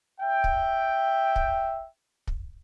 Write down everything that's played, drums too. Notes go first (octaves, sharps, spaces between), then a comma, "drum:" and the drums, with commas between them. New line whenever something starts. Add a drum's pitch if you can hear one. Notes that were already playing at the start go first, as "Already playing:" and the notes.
E5 G5
drum: kick
drum: kick
drum: kick